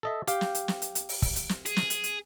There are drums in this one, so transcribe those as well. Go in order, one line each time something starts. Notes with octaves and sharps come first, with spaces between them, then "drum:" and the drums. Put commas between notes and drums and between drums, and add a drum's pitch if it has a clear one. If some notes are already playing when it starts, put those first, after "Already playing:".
A4 D#5 E5
G4 F5 G5, drum: hi-hat
drum: snare
drum: hi-hat
drum: snare
drum: hi-hat
drum: hi-hat
drum: open hi-hat
drum: kick, open hi-hat
drum: hi-hat
drum: snare
G#4, drum: hi-hat
drum: snare
drum: hi-hat
drum: hi-hat